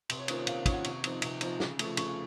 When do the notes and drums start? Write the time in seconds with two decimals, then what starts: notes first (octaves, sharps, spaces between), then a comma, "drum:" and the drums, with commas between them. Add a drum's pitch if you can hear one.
0.09 C3 C6, drum: cymbal
0.19 C#5
0.28 D#3 A#3 C#4 F4 C5, drum: cymbal
0.37 C#5
0.47 C3 F5, drum: cymbal
0.59 F5
0.66 D#3 A#3 C#4 F4, drum: kick, cymbal
0.72 F#5
0.84 C3 C#6, drum: cymbal
1.04 F3 C4 D#4, drum: cymbal
1.22 C3, drum: cymbal
1.41 F3 C4 D#4, drum: cymbal
1.60 C#3, drum: snare
1.79 F3 A3, drum: cymbal
1.97 C#3 C#6, drum: cymbal